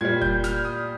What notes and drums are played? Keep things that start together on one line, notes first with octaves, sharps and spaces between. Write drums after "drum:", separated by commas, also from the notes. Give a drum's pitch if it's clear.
A#2 G3 G#6
G6, drum: kick F1
F6, drum: snare
D#6